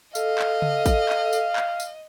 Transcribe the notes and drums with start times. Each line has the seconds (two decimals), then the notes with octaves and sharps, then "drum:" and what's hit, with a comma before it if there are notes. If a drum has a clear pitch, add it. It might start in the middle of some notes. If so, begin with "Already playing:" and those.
0.15 A4 D#5 F5, drum: tambourine
0.39 drum: clap
0.62 drum: tom C#3
0.86 drum: kick, tambourine
1.09 drum: clap
1.33 drum: tambourine
1.56 drum: clap
1.80 drum: tambourine